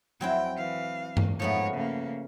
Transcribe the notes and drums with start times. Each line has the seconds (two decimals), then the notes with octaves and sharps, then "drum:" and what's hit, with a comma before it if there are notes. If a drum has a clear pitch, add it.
0.21 F2 F#3 C4 E4 G5
0.57 E3 F5
1.17 drum: tom G2
1.40 G#2 F3 A3 B3 C#5
1.74 C#3 A#3